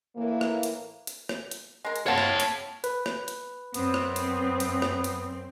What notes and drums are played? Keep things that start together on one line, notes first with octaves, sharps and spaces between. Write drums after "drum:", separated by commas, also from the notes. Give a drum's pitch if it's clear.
A2 E3 A#3
drum: rim click
drum: hi-hat
drum: hi-hat
drum: rim click
drum: hi-hat
G#3 A#4
drum: hi-hat
C4 F#4 C#5 F5 A5
drum: rim click
drum: hi-hat
B4, drum: hi-hat
drum: rim click
drum: hi-hat
F#2 B3 C4, drum: hi-hat
drum: rim click
drum: hi-hat
drum: hi-hat
drum: rim click
drum: hi-hat